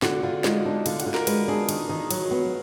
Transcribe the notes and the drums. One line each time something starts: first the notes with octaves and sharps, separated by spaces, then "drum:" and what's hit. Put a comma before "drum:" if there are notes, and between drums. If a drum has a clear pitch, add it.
D3 F#4, drum: snare
D3 F4
G#3 D#4, drum: snare
D4 D#4
D3 F4, drum: cymbal
F#4, drum: cymbal
D3
A#4, drum: snare
G#3 B4, drum: cymbal
D4 G#4
D#3, drum: cymbal
D#3
F#3, drum: cymbal
B3